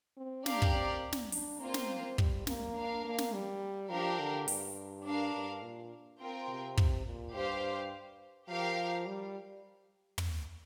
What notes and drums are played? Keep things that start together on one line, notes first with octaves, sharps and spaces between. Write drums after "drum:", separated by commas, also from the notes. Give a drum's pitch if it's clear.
C4
D4 G4 A#4 D5 F5, drum: snare
drum: kick
C4
drum: snare
D4, drum: open hi-hat
A#3 C4 F4 C5
drum: snare
G3, drum: kick
A#3, drum: snare
D4 A#4 F5
A#3
drum: snare
G3
F3 D4 G4 A#4 F5
D3
G2, drum: open hi-hat
D4 A#4 F5
G2
A#2
C4 F4 A#4 G5
C3
drum: kick
A#2
G2 G4 C5 F5
F3 G4 A#4 F5
G3
drum: tom